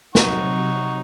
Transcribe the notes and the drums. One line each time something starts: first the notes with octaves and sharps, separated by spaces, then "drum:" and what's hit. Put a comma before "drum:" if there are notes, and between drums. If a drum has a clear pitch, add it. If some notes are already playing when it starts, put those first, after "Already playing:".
C3 F#3 D#4 F#5 C#6, drum: snare